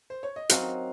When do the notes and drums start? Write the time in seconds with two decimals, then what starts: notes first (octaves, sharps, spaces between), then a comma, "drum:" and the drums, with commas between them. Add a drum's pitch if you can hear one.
0.10 C5
0.23 C#5
0.36 D#5
0.49 F#3 C4 D#4 F#4 A#4 F5, drum: hi-hat